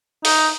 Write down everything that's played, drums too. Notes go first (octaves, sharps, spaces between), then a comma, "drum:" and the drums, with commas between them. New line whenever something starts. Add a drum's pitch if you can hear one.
D#4, drum: open hi-hat